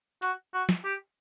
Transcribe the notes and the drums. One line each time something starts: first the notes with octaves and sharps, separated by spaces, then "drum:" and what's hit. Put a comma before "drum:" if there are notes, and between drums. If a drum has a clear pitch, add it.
F#4, drum: hi-hat
F#4
drum: snare
G4